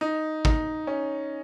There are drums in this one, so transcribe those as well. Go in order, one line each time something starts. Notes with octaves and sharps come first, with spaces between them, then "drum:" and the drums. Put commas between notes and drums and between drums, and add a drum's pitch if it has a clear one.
D#4
D#4, drum: kick G#1
C#4